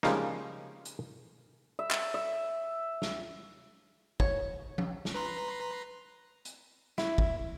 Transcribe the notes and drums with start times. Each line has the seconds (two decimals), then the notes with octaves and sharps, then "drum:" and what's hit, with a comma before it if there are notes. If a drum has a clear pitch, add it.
0.03 C#3 F3 G3 G#3 A#3 D#4, drum: snare
0.85 drum: hi-hat
1.79 E5
1.91 drum: clap
2.14 E5
3.02 drum: snare
4.20 C#5, drum: kick
4.78 drum: tom F3
5.05 drum: snare
5.14 B4 A#5 C6
6.45 drum: hi-hat
6.98 E4, drum: snare
7.18 drum: kick